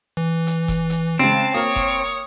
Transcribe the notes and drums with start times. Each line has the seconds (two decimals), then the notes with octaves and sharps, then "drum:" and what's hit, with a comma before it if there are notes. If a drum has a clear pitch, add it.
0.17 E3
0.47 drum: hi-hat
0.68 drum: kick F1, hi-hat
0.90 drum: hi-hat
1.19 C#3 G#3 C4 A5
1.54 A#3 A#4 C#5 D#6, drum: hi-hat
1.76 drum: kick F1, hi-hat